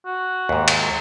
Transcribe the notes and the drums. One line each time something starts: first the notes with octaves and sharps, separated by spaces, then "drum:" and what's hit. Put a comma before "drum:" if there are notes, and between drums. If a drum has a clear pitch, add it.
F#4
D#2 G#2
drum: cymbal